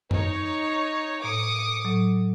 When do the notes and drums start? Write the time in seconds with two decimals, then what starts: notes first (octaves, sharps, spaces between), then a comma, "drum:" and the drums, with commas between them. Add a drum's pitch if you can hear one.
0.11 D#4 C#5, drum: tom F#2
1.24 A2 D6 D#6 C#7
1.85 A2 F#3